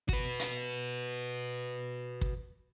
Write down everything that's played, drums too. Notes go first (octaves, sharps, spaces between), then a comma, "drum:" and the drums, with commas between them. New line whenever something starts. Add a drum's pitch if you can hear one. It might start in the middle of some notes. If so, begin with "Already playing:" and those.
F#4 B4, drum: kick
drum: hi-hat
drum: kick